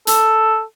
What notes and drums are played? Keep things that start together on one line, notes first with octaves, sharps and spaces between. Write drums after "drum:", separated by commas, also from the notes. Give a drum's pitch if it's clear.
A4, drum: hi-hat